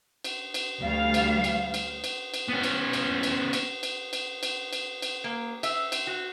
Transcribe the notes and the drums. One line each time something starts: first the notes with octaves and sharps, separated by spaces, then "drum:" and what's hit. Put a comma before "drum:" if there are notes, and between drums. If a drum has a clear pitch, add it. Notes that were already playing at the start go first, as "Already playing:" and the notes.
drum: cymbal
drum: cymbal
D2 G3 F5
drum: cymbal
drum: cymbal
drum: cymbal
drum: cymbal
drum: cymbal
B3 C#4
drum: cymbal
drum: cymbal
drum: cymbal
drum: cymbal
drum: cymbal
drum: cymbal
drum: cymbal
drum: cymbal
drum: cymbal
A#3
E5, drum: cymbal
drum: cymbal
F#4